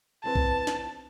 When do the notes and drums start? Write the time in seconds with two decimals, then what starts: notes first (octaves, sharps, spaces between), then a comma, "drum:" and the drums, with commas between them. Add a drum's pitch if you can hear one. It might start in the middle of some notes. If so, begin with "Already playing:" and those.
0.24 E2 C4 B4 A5
0.35 drum: kick B1
0.67 drum: snare